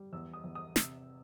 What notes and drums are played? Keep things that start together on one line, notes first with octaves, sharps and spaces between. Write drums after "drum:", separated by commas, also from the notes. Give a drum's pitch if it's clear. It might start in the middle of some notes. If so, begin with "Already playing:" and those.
Already playing: G3
E2 E6
D#6
E2
D#6
C3 E6, drum: snare